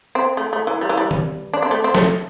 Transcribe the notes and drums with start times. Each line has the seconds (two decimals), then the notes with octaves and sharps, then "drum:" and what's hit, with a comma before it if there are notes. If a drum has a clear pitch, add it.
0.15 C4
0.37 A3
0.53 A3
0.67 E3
0.81 G3
0.89 E3
0.97 G3
1.11 drum: tom D#3
1.54 D4
1.62 C4
1.71 A3
1.84 C4
1.95 A3, drum: snare